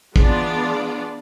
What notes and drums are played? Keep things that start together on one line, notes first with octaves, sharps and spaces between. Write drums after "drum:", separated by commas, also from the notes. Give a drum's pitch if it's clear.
E3 G#3 B3 D4 F4 D5, drum: kick